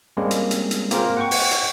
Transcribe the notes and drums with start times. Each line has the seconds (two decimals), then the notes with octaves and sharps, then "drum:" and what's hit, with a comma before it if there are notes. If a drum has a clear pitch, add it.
0.17 G3 G#3 A#3 C4 C#4
0.31 drum: hi-hat
0.51 drum: hi-hat
0.71 drum: hi-hat
0.91 A#3 C4 F4 G#4 A#4 C5, drum: hi-hat
1.17 F#5 G5 C#6
1.31 drum: open hi-hat
1.51 drum: hi-hat